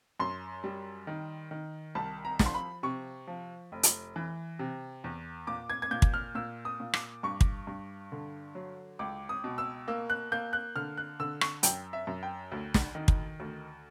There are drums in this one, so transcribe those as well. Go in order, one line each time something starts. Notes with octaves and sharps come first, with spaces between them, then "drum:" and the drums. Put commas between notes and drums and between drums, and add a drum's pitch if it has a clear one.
F#2 C6
G3
D#3
D#3
C2 A5
A#5
F3, drum: snare
C6
B5
C3 C#6
F3
F1
drum: hi-hat
E3
C3
E2
A#2 D6
G#6
G#6
A#2 G6
drum: kick
F6
A#2 E6
D#6
A#2
D6, drum: rim click
G2 C#6
drum: kick
G2
D3
F#3
C#2 D6
D#6
B2
E6
A#3 E6
F#6
A#3 G6
F#6
D3 F6
F#6
D3 E6
C#6, drum: rim click
F#2 G5, drum: hi-hat
E5
F#2
G5
D2
drum: snare
D#3
drum: kick
D2